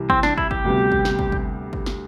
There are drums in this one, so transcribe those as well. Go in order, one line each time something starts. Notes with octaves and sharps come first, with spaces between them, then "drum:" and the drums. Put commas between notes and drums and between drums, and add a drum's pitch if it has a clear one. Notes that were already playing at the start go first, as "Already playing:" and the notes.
Already playing: C2 C3 E3
C4, drum: kick
D4, drum: snare
E4, drum: kick
G4, drum: kick
D2 C3 G3 B3
drum: kick
drum: snare
drum: kick
drum: kick
drum: kick
drum: snare